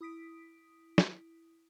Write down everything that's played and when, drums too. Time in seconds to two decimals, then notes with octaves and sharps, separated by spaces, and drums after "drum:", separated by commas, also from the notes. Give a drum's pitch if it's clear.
0.01 E4 D#6 B6 D7
0.98 drum: snare